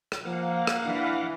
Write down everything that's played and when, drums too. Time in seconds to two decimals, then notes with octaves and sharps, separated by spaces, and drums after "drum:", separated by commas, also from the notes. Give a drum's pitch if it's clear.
0.12 drum: rim click
0.25 F3 A#3 F5 F#5
0.67 drum: rim click
0.86 E3 D4